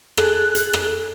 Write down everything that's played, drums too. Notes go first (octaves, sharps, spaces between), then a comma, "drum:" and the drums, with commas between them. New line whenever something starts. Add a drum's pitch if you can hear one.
G#4 A4 F#6, drum: rim click
drum: hi-hat
drum: rim click